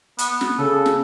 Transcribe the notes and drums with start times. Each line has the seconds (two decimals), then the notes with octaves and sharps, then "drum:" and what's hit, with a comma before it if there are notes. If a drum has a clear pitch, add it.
0.18 B3, drum: hi-hat
0.41 drum: snare
0.59 C#3 A4
0.86 drum: snare